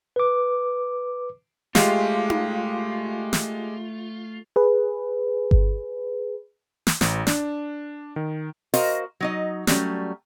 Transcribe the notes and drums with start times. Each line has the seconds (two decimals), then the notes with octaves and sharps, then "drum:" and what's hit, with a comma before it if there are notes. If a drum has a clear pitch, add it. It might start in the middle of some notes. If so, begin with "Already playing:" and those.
0.16 B4 D6
1.75 G#3 A3 F4 G4, drum: snare
2.30 drum: tom D#4
3.33 drum: snare
4.56 G#4 B4
5.51 drum: kick G1
6.87 drum: snare
7.01 A1, drum: snare
7.27 D4, drum: snare
8.16 D#3
8.74 F#4 A#4 C5 D#5 F5, drum: open hi-hat
9.20 F#3 D#4 D#5
9.67 F#3 G3 A3 C#4, drum: snare